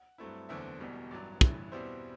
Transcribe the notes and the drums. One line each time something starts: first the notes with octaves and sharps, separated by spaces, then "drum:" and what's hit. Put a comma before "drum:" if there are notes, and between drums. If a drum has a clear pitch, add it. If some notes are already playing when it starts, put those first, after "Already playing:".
Already playing: F#5
G2 F#3 A3 C4 E4
F#1 E2 D3 A3 C4 E5
E1 E2 B2 G3
A1 G2 F#3 D5
A1 G2 E3, drum: kick
E2 B2 G3 C4 E4 C5